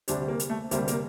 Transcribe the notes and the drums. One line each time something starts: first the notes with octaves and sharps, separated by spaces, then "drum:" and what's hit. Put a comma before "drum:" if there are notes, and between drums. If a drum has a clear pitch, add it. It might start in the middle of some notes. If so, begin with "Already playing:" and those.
D2 C3 G3 D4, drum: hi-hat
A#3
drum: hi-hat
A3
D2 C3 G3 A#3, drum: hi-hat
A#3, drum: hi-hat